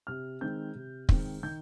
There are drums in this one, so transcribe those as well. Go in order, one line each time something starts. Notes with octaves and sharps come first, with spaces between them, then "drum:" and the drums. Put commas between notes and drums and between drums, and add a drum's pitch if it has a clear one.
C3 F6
D#3 G#3 C4 G6
C3
D#3 G#3 C4, drum: kick
D#3 G6